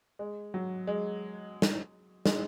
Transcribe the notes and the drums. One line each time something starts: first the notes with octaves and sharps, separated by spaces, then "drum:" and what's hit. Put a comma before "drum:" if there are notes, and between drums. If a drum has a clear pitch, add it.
G#3
F#3
G#3
drum: snare
G#3, drum: snare